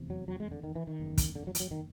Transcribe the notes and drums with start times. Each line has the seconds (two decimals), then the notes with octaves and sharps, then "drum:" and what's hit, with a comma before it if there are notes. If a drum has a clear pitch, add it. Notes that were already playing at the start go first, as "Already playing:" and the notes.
Already playing: F1 E2 C3
0.10 F#3
0.28 F#3
0.40 G#3
0.51 D3
0.64 D#3
0.75 E3
0.87 D#3
1.00 F#1 E2 C#3
1.18 drum: kick, hi-hat
1.35 D3
1.47 F#3
1.55 F3, drum: hi-hat
1.60 F#3
1.71 D#3